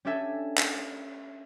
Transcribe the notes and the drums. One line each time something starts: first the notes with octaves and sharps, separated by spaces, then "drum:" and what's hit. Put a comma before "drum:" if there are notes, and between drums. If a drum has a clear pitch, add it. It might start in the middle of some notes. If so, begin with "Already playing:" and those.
C#4 D4 G4 A4 E5 G#5
drum: clap